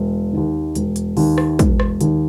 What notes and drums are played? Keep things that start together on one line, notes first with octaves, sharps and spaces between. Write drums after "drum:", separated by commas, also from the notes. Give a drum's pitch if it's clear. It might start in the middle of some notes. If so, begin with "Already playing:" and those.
Already playing: E1
D#2 D#3
E1, drum: hi-hat
drum: hi-hat
D#2 D#3, drum: open hi-hat
drum: rim click
E1, drum: kick, hi-hat
drum: rim click
D#2 D#3, drum: hi-hat